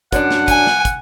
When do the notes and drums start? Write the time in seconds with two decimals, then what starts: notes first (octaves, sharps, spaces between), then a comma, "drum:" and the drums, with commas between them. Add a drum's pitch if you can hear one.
0.12 F#2 D4 F#5, drum: kick, hi-hat
0.31 drum: snare
0.48 G#5, drum: kick, hi-hat
0.67 drum: snare
0.85 drum: kick, hi-hat